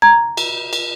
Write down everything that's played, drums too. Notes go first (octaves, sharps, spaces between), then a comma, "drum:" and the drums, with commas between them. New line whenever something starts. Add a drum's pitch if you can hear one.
A#5 G#6
drum: cymbal
drum: cymbal